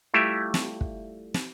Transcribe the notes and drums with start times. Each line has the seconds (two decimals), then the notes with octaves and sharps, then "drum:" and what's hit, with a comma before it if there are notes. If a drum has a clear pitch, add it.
0.14 G3 A3 E4 F4 G4 E5
0.54 drum: snare
0.81 drum: kick
1.34 drum: snare